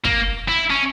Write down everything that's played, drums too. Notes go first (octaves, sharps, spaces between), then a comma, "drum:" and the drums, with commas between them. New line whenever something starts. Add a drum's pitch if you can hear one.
A#3, drum: kick
E4
C#4